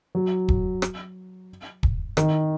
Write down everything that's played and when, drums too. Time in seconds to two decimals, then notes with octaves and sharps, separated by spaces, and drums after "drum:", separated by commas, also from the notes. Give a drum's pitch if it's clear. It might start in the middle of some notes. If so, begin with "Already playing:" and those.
0.15 F#3
0.48 drum: kick
0.82 drum: rim click
1.83 drum: kick
2.17 D#3, drum: rim click